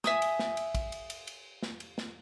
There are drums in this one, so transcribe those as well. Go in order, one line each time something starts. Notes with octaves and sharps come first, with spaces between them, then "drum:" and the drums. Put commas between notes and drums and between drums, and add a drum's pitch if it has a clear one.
E5 G#5 D#6, drum: snare
drum: cymbal
drum: snare
drum: cymbal
drum: kick, cymbal
drum: cymbal
drum: cymbal
drum: cymbal
drum: snare
drum: cymbal
drum: snare